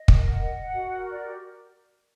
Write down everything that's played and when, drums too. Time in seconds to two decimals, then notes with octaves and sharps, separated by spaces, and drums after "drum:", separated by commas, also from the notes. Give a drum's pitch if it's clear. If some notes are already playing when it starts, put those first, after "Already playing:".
Already playing: D#5
0.08 A#4, drum: kick
0.25 F#5
0.42 D#5
0.59 F#5
0.74 F#4
0.91 A#4
1.08 D5
1.24 G4